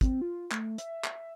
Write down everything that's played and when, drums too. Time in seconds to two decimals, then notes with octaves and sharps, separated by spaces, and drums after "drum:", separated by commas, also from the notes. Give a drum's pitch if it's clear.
0.01 C4, drum: kick, hi-hat
0.21 F4
0.51 A3, drum: clap
0.78 E5, drum: hi-hat
1.04 drum: clap